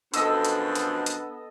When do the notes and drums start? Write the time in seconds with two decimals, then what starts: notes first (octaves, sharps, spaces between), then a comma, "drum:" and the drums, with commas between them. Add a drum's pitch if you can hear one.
0.14 F#2 B2 F3 B3 D4 A4 D#5 E6, drum: hi-hat
0.45 drum: hi-hat
0.75 drum: hi-hat
1.06 drum: hi-hat